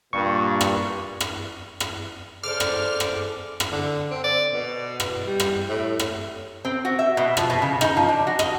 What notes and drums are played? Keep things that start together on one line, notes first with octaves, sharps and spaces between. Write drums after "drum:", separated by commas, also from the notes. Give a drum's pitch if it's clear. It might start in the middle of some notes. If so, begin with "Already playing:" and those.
G2 A#2 C#6
drum: rim click
drum: rim click
drum: rim click
C#3 A4 C5 D5 D6 F6
drum: rim click
drum: rim click
drum: rim click
D3
C4
D5
B2
drum: rim click
G3
drum: rim click
A2
drum: rim click
C4
F#4
E5
B2
F3, drum: rim click
B2
C#3
D#4, drum: rim click
F3
D4
F#4
D#5, drum: rim click